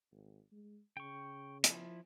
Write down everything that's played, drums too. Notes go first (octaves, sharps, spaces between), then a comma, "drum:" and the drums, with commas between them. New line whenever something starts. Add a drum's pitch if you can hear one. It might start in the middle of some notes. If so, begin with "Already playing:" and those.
G#1
G#3
C#3 G5 C#6
F3 E4, drum: hi-hat